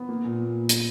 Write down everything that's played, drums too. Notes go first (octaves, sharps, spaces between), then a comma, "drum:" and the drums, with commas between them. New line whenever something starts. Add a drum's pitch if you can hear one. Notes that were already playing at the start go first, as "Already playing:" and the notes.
Already playing: B3
A#3
A#2
drum: hi-hat